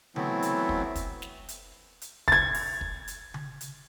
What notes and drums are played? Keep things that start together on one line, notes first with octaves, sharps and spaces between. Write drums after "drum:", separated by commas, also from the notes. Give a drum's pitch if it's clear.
E3 F#3 A3 B3 C4 E4, drum: tom C#3
drum: hi-hat
drum: kick
drum: kick, hi-hat
drum: snare
drum: hi-hat
drum: hi-hat
G#6 A6, drum: kick
drum: open hi-hat
drum: kick
drum: hi-hat
drum: tom C#3
drum: hi-hat